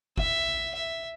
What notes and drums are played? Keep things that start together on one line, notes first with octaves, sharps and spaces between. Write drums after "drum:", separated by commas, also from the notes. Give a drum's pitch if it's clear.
E5, drum: kick
E5